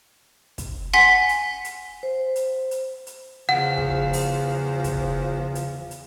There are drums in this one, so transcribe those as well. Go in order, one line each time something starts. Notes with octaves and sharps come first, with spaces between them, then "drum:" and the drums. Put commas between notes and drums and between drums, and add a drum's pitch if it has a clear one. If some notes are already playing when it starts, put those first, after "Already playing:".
drum: kick, hi-hat
F#5 G#5 C6 B6
drum: hi-hat
drum: hi-hat
C5
drum: hi-hat
drum: hi-hat
drum: hi-hat
E2 C#3 F3 F5 F#5 G#5
drum: kick
drum: open hi-hat
drum: kick, hi-hat
drum: hi-hat
drum: hi-hat